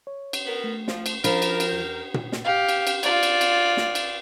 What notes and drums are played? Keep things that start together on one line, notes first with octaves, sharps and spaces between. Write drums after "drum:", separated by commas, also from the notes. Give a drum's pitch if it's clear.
C#5
drum: cymbal
B3 A#4
A3
F3, drum: snare
drum: cymbal
F3 D4 A#4 F5 B5, drum: cymbal
drum: cymbal
drum: cymbal
E2 G6
drum: tom A#2
drum: snare
G4 F5
drum: cymbal
drum: cymbal
F4 D5, drum: cymbal
drum: cymbal
drum: cymbal
drum: snare
drum: cymbal